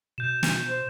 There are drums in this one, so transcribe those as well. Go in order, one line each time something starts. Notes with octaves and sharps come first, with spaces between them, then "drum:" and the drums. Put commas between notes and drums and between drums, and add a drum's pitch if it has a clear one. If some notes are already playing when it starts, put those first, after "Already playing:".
B2 G6 E7
drum: snare
C5